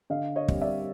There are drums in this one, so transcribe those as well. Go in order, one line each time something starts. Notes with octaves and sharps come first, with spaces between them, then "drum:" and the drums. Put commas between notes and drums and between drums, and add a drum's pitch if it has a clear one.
D3 D#5 F5
C#5 D#5
G3 C4, drum: kick
D5 E5